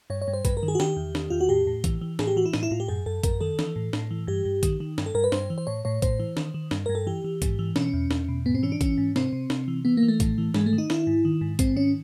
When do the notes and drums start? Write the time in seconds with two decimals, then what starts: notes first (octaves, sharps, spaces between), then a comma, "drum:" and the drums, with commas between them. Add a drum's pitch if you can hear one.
0.10 G2 C#5
0.22 C#5
0.28 G2
0.33 C5
0.45 G2 B4, drum: kick A1, hi-hat
0.57 A#4
0.63 D#3
0.68 G#4
0.75 F#4
0.80 D#3 G4, drum: snare D4
0.97 E2
1.15 D#3, drum: snare D4
1.30 E2 F4
1.41 F#4
1.49 A2 G4
1.67 A2
1.84 E3, drum: kick A1, hi-hat
2.01 E3
2.19 A2 G#4, drum: snare D4
2.27 G4
2.36 E3 F#4
2.46 E4
2.54 A2 D#4, drum: snare D4
2.63 E4
2.71 A2 F4
2.80 G4
2.88 F#2 G#4
3.06 F#2 A4
3.23 F#2 A#4, drum: kick A1, hi-hat
3.41 D#3 A4
3.59 E3, drum: snare D4
3.76 A2
3.93 A2, drum: snare D4
4.11 E3
4.27 G2 G4
4.45 G2
4.63 D#3, drum: kick A1, hi-hat
4.80 D#3
4.98 G2, drum: snare D4
5.06 A4
5.14 G2 A#4
5.24 B4
5.32 G2 C5, drum: snare D4
5.50 E3
5.58 C5
5.67 A2 C#5
5.85 A2 C#5
6.02 A2 C5, drum: kick A1, hi-hat
6.20 E3
6.37 D#3, drum: snare D4
6.54 D#3
6.71 G2, drum: snare D4
6.86 G2 A#4
6.95 A4
7.07 E3 G4
7.24 E3
7.42 G#2, drum: kick A1, hi-hat
7.59 E3
7.76 B2 C#4, drum: snare D4
7.93 E2
8.11 E2, drum: snare D4
8.28 B2
8.46 G#2 B3
8.55 C4
8.63 E3 C#4
8.72 D4
8.81 E3 C#4, drum: kick A1, hi-hat
8.98 G#2
9.16 C3 C4, drum: snare D4
9.33 C3
9.50 C3, drum: snare D4
9.68 E3
9.85 E3 B3
9.97 A#3
10.03 E3
10.08 A3
10.20 A2, drum: kick A1, hi-hat
10.38 E3
10.54 G#2 G#3, drum: snare D4
10.66 A3
10.73 D#3
10.78 D#4
10.90 D#3 E4, drum: snare D4
11.07 G#2
11.25 D#3
11.41 G#2
11.59 G#2 C4, drum: kick A1, hi-hat
11.76 D#3 C#4